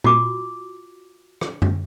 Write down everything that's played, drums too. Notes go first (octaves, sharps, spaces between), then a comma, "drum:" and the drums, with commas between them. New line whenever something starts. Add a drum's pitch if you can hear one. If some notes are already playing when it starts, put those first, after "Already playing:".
F4 F#4 D6, drum: tom A#2
drum: rim click
drum: tom F#2